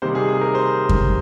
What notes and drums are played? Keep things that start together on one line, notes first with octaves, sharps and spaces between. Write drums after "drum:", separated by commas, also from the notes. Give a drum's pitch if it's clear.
C3 D#3 G3 A#3 D#4 C5
G#4
G#4
A#4
C5
drum: kick F2